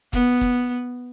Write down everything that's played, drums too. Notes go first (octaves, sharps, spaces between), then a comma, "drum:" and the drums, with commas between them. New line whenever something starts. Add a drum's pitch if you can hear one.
B3, drum: kick
drum: kick